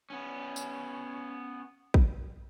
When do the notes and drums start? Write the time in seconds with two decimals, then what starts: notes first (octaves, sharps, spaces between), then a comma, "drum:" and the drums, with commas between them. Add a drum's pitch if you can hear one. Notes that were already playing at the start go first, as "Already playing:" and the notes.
0.10 B3 C#4
0.56 drum: tambourine
1.94 drum: kick